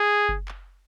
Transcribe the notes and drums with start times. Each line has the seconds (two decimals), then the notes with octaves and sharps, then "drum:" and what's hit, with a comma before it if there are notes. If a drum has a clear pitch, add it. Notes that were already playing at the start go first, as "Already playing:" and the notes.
Already playing: G#4
0.29 drum: kick F#1
0.48 drum: clap